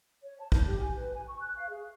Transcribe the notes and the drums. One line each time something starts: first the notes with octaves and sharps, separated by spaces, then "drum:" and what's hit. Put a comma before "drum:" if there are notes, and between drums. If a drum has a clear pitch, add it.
C#5
A5
G6, drum: kick
G4
G#5
B4
G#5
C#6
F#6
F5
G#4